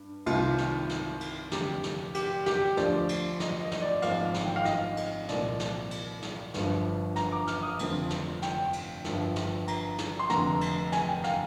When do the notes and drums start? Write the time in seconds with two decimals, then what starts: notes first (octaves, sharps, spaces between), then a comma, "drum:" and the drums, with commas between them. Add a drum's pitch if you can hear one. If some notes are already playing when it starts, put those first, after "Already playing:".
Already playing: G2
0.26 C2 C3 D#3 F4, drum: cymbal
0.58 drum: snare
0.89 drum: snare
1.21 drum: cymbal
1.51 F1 F2 D3 G4, drum: snare
1.83 drum: snare
2.15 G4, drum: cymbal
2.46 G4, drum: snare
2.77 D2 D3 F3 D5, drum: snare
3.09 drum: cymbal
3.40 D#5, drum: snare
3.60 D#5
3.71 drum: snare
3.81 D5
4.02 G#1 G#2 F3 F5, drum: cymbal
4.34 drum: snare
4.45 G5
4.56 F5
4.65 D#5, drum: snare
4.97 drum: cymbal
5.29 C2 A#2 F3 D5, drum: snare
5.60 drum: snare
5.91 drum: cymbal
6.22 drum: snare
6.54 G1 G2 F3, drum: snare
7.16 A#5, drum: snare
7.32 D6
7.47 F6, drum: snare
7.63 D#6
7.79 F1 F2 D3 F3, drum: cymbal
8.10 drum: snare
8.42 G5, drum: snare
8.73 drum: cymbal
9.04 G1 G2 F3, drum: snare
9.36 drum: snare
9.68 A#5, drum: cymbal
9.98 drum: snare
10.19 C6
10.29 F1 F2 D3 A#5, drum: snare
10.61 drum: cymbal
10.92 G#5, drum: snare
11.09 G5
11.24 F5, drum: snare